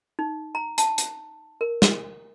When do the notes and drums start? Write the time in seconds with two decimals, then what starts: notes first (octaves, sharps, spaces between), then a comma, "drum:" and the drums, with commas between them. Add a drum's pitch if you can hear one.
0.19 D#4
0.55 A#5
0.78 A5, drum: hi-hat
0.98 drum: hi-hat
1.61 A#4
1.82 drum: snare